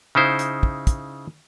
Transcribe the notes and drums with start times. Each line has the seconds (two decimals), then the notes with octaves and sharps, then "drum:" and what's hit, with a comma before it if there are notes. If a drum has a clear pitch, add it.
0.15 C#3 D#4 E4 C5
0.39 drum: hi-hat
0.63 drum: kick
0.87 drum: kick, hi-hat